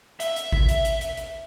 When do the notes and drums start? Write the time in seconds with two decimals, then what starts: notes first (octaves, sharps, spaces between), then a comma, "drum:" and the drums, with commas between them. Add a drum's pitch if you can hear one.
0.20 E5, drum: hi-hat
0.36 drum: hi-hat
0.52 drum: kick G#1
0.69 drum: hi-hat
0.85 drum: hi-hat
1.01 drum: hi-hat
1.17 drum: hi-hat